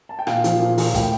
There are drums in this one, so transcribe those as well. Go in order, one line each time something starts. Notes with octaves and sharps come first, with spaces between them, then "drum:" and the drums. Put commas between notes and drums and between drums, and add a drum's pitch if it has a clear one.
A5
G5
A#2 F5, drum: rim click
F3, drum: hi-hat
A#2
F3, drum: open hi-hat
A2 G5, drum: kick, hi-hat